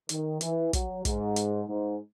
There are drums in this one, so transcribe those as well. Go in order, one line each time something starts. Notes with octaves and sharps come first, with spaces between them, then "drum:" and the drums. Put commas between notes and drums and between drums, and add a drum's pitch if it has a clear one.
D#3, drum: hi-hat
E3, drum: hi-hat
F#3, drum: kick, hi-hat
G#2, drum: kick, hi-hat
drum: hi-hat
G#2